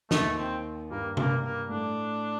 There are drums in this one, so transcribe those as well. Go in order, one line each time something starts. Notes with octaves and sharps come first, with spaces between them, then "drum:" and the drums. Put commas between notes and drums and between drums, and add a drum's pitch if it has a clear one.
D#2 D#3 A3, drum: snare
C4
G2 G3 A#3
A#3, drum: tom C3
A#3
A2 A3 D4